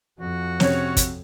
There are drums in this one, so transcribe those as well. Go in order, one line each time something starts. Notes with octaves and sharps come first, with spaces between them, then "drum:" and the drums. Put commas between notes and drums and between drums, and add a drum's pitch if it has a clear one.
F2 F3 F#4
C3 C#4 C#5, drum: snare
drum: kick, hi-hat